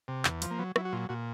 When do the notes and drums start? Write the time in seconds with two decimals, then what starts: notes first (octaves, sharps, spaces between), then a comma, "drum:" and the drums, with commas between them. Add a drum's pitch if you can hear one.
0.08 C3
0.25 E2, drum: clap
0.42 F3, drum: hi-hat
0.51 A#3
0.59 F#3 B3
0.76 F#3 E4, drum: rim click
0.85 F#4
0.93 A#2 F4
1.09 A#2 F#4